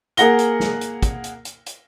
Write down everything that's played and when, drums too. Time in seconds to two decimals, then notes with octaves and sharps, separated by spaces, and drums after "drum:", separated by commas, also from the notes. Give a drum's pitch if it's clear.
0.17 A#3 G#4 A#4 F#5 A#6 G7, drum: hi-hat
0.39 drum: hi-hat
0.60 drum: snare
0.81 drum: hi-hat
1.02 drum: kick, hi-hat
1.24 drum: hi-hat
1.45 drum: hi-hat
1.66 drum: hi-hat